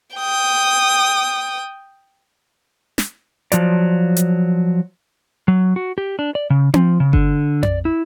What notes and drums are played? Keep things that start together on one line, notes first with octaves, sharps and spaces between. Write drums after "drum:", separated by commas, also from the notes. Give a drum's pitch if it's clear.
G5 D#6
drum: snare
F3 F#3 D5, drum: hi-hat
drum: hi-hat
F#3
F#4
G4
D4
D5
C#3
F3, drum: tom C4
C#3
D3, drum: kick G1
D5, drum: tom F2
E4